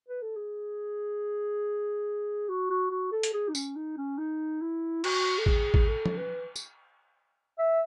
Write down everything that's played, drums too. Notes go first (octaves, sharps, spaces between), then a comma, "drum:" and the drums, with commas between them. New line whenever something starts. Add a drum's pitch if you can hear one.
B4
A4
G#4
F#4
F#4
F#4
A4
drum: hi-hat
G#4
D#4
C#4, drum: tambourine
D#4
C#4
D#4
E4
F#4, drum: cymbal
A4
G#4, drum: kick A1
drum: kick A1
A4
drum: tom
B4
drum: tambourine
E5